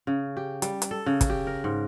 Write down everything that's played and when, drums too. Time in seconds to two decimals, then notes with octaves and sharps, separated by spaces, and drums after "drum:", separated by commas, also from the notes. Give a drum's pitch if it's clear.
0.07 C#3
0.37 G4
0.62 G3, drum: hi-hat
0.82 drum: hi-hat
0.91 A4
1.06 C#3
1.21 drum: kick, hi-hat
1.30 G4
1.47 A#4
1.64 G#2